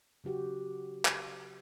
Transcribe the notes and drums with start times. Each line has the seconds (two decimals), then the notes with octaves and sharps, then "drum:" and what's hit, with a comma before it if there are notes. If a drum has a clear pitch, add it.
0.24 C#3 F#3 F#4 G4
1.05 drum: clap